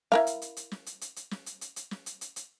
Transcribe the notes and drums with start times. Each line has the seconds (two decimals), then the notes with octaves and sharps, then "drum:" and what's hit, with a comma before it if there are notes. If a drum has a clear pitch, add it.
0.12 E4 A#4 F5, drum: snare
0.27 drum: hi-hat
0.42 drum: hi-hat
0.57 drum: hi-hat
0.71 drum: snare
0.86 drum: hi-hat
1.01 drum: hi-hat
1.16 drum: hi-hat
1.31 drum: snare
1.46 drum: hi-hat
1.61 drum: hi-hat
1.76 drum: hi-hat
1.91 drum: snare
2.06 drum: hi-hat
2.21 drum: hi-hat
2.36 drum: hi-hat